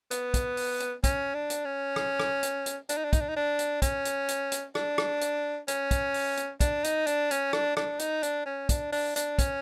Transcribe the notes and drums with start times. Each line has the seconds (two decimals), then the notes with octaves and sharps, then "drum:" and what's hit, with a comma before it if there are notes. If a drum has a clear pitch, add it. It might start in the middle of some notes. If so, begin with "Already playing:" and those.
0.11 B3, drum: hi-hat
0.34 drum: kick, hi-hat
0.57 drum: open hi-hat
0.80 drum: hi-hat
1.04 C#4, drum: kick, hi-hat
1.35 D4
1.50 drum: hi-hat
1.65 C#4
1.96 drum: rim click
2.20 drum: rim click
2.43 drum: hi-hat
2.66 drum: hi-hat
2.89 D4, drum: hi-hat
2.97 D#4
3.05 D4
3.13 D#4, drum: kick, hi-hat
3.21 D4
3.29 D#4
3.36 D4
3.59 drum: hi-hat
3.82 C#4, drum: kick, hi-hat
4.05 drum: hi-hat
4.28 drum: hi-hat
4.52 drum: hi-hat
4.75 D4, drum: rim click
4.98 drum: rim click
5.21 drum: hi-hat
5.68 C#4, drum: hi-hat
5.91 drum: kick, hi-hat
6.14 drum: open hi-hat
6.37 drum: hi-hat
6.60 D4, drum: kick, hi-hat
6.84 D#4, drum: hi-hat
7.07 D4, drum: hi-hat
7.31 C#4, drum: hi-hat
7.53 D4, drum: rim click
7.77 D4, drum: rim click
7.99 D#4, drum: hi-hat
8.23 D4, drum: hi-hat
8.46 C#4
8.69 D4, drum: kick, hi-hat
8.92 D4, drum: open hi-hat
9.16 D4, drum: hi-hat
9.39 C#4, drum: kick, hi-hat